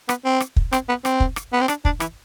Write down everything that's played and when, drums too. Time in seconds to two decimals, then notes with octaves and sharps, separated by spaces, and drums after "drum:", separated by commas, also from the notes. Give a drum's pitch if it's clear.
0.09 B3, drum: rim click
0.25 C4
0.40 drum: rim click
0.56 drum: kick
0.73 C4, drum: rim click
0.89 B3
1.05 C4, drum: rim click
1.20 drum: kick
1.36 drum: rim click
1.53 B3
1.61 C4
1.68 D4, drum: rim click
1.85 D4, drum: kick
2.00 E3, drum: rim click